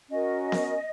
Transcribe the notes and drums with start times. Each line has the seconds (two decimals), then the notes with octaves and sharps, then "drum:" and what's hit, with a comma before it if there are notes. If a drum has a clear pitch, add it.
0.10 C#4 F#4 A#4 D#5
0.52 drum: snare B3